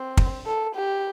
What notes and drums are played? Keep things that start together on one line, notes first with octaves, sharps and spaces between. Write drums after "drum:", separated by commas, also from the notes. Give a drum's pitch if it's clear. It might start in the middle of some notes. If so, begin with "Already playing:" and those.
Already playing: C4
drum: kick
A4
G4